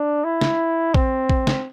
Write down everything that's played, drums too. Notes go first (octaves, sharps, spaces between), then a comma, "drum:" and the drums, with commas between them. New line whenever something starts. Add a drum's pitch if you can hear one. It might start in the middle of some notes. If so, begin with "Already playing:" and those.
Already playing: D4
E4
drum: snare
C4, drum: kick A#1
drum: kick A#1
drum: snare